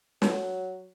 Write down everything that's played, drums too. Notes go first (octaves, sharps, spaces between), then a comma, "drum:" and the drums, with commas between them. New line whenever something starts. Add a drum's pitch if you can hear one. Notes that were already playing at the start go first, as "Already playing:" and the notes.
F#3, drum: snare